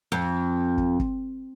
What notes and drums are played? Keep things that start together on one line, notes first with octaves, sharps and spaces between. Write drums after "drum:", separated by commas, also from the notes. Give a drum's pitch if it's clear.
F2
drum: kick
drum: kick